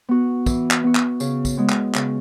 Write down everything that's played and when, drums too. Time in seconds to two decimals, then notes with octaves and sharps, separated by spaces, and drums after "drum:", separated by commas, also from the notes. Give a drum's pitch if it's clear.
0.09 B3 F#4
0.46 E3, drum: kick, tambourine
0.71 drum: clap
0.83 B3 F#4
0.95 drum: clap
1.20 C#3, drum: tambourine
1.45 drum: kick, tambourine
1.57 G#3 B3
1.70 drum: clap
1.95 C#3, drum: clap